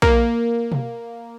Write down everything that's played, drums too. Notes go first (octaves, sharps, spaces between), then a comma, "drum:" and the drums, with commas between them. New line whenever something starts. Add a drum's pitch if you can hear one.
A#3, drum: kick
drum: tom B2